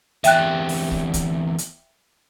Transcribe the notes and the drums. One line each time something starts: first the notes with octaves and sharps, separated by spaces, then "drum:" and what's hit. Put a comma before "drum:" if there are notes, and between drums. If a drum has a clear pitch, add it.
E2 C3 E5 G5 F#6, drum: hi-hat
drum: open hi-hat
drum: kick
drum: kick, hi-hat
drum: hi-hat